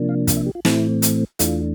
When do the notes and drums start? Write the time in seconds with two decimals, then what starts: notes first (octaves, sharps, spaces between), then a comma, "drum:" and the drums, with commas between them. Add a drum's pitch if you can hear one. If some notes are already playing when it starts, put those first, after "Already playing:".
Already playing: C3 F3 A#3 D4
0.09 F5
0.27 F5, drum: kick, hi-hat
0.37 E5
0.46 G4
0.55 F4
0.65 A2 E3 A3 C4 E4, drum: snare
1.02 drum: hi-hat
1.39 E2 E3 A3 D4 F4, drum: hi-hat